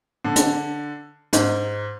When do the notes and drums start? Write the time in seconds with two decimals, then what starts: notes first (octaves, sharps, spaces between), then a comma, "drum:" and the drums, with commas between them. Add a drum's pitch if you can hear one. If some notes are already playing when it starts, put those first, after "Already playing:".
0.24 D3
0.36 drum: hi-hat
1.33 G#2, drum: hi-hat